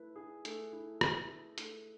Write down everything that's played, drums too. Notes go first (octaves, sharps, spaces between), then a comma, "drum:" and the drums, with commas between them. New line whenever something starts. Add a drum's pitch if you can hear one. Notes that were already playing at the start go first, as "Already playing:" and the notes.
Already playing: A3 E4 B4
G#4
A3, drum: hi-hat
E4
B4, drum: rim click
G#4
A3, drum: hi-hat